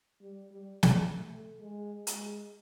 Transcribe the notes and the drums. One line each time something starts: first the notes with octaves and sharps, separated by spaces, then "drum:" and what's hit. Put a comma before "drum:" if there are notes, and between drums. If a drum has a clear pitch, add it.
G3
G3
G3, drum: snare
A3
G#3
G#3, drum: hi-hat